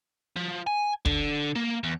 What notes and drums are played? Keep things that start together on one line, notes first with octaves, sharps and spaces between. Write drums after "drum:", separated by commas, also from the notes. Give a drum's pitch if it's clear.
F3
G#5
D3, drum: kick
A#3
E2